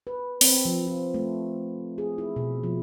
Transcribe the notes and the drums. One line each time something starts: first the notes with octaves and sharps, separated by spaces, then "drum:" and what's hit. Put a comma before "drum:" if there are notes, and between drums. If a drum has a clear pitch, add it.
B4
C4, drum: open hi-hat
F3
F4
A3
G#4
E4
B2
F3